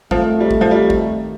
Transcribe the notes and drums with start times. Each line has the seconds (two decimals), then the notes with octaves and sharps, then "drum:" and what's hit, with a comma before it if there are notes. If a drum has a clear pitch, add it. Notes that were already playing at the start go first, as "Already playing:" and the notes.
0.11 F2 D#3 F3 A3, drum: kick
0.40 G3
0.51 drum: kick
0.61 F3
0.71 G3
0.90 drum: kick